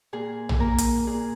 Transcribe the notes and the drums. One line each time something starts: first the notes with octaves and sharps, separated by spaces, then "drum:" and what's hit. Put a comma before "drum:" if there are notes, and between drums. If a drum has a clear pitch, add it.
A#2 G#4
drum: tom
A#3 A#4
drum: hi-hat
A#2 G#4